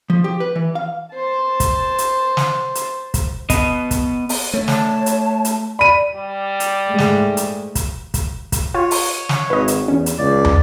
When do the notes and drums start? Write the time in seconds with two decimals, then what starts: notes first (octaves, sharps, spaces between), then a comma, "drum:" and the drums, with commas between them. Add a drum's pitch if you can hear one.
0.10 F3
0.24 G4
0.40 B4
0.55 E3
0.75 F5
1.15 C5 A5
1.60 drum: kick, hi-hat
1.98 drum: hi-hat
2.37 drum: snare
2.75 drum: hi-hat
3.14 drum: kick, hi-hat
3.50 B3 D#5, drum: kick, hi-hat
3.91 drum: kick, hi-hat
4.29 drum: open hi-hat
4.54 A3 C#5
4.68 A5, drum: snare
5.06 drum: hi-hat
5.45 drum: hi-hat
5.79 D5 B5 D#7
6.15 G3
6.60 drum: hi-hat
6.89 G#2 G#3 A3
6.98 drum: snare
7.37 drum: hi-hat
7.75 drum: kick, hi-hat
8.14 drum: kick, hi-hat
8.52 drum: kick, hi-hat
8.74 F4 C#5
8.91 drum: open hi-hat
9.29 drum: snare
9.50 G#1 B4 D#5
9.68 drum: hi-hat
9.88 E2 C#4
10.06 drum: hi-hat
10.18 C#2 D5
10.45 drum: tom